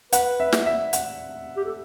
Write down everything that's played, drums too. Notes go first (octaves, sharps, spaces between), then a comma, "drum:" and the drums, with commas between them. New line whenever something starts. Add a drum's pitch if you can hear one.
B4 F#5, drum: hi-hat
E5
drum: snare
E5
F#5, drum: hi-hat
G4
A4